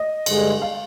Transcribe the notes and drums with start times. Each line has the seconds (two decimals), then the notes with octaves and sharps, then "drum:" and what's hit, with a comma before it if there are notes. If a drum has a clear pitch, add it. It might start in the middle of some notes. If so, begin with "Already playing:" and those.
Already playing: D#5
0.26 G2 D3 G#3, drum: cymbal
0.62 F5